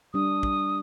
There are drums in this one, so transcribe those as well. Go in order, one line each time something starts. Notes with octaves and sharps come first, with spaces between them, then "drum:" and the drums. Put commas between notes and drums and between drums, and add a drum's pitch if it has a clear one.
G3 D4 D#6
drum: kick